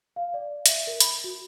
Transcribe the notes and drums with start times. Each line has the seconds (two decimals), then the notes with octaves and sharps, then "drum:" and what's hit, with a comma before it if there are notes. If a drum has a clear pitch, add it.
0.16 F5
0.34 D5
0.66 E5, drum: hi-hat
0.87 A#4
1.00 B5, drum: hi-hat
1.24 F#4